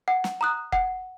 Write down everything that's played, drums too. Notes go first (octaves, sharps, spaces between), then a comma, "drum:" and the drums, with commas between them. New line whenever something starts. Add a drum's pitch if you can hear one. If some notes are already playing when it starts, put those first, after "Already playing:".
F#5
drum: snare
A#5 D#6 F#6
F#5, drum: kick F1